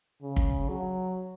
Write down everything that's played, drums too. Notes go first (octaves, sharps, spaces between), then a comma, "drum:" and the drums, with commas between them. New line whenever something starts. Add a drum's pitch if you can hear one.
C#3
drum: kick
F#3